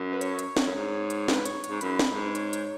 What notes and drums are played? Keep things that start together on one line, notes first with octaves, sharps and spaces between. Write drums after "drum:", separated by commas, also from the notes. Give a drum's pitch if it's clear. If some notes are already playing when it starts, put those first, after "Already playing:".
Already playing: F#2
B4
C#5, drum: hi-hat
drum: hi-hat
drum: snare
F#2
G#2
drum: hi-hat
B4, drum: snare
C#5, drum: hi-hat
C#5, drum: hi-hat
G#2
F#2 B4, drum: hi-hat
drum: snare
G#2
C#5, drum: hi-hat
drum: hi-hat